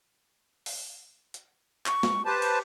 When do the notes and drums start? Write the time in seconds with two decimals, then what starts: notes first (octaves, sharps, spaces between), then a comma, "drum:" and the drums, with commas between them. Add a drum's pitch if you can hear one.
0.66 drum: open hi-hat
1.34 drum: hi-hat
1.86 C#6, drum: clap
2.03 drum: snare
2.26 G4 B4 C5 A5
2.42 drum: cymbal